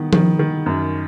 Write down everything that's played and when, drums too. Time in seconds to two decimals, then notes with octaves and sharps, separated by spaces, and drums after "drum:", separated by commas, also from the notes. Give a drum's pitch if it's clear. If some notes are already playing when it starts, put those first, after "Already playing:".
Already playing: D#3 B3
0.13 D#3, drum: tom F3
0.39 D#3
0.66 F#2